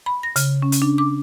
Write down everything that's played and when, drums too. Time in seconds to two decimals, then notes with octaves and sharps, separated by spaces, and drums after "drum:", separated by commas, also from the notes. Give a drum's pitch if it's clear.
0.06 B5
0.23 A#6
0.36 C#3, drum: hi-hat
0.62 C#4
0.72 drum: hi-hat
0.82 D4
0.98 D6